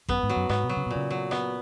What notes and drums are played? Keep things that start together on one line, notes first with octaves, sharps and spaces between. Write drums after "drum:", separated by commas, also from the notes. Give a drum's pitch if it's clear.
F#2 B3, drum: kick G#1
G#2
F#3
F#2
G#2 B3, drum: rim click
B2
F#3
C#3
B2
A#2 C#3
F#3
B3, drum: rim click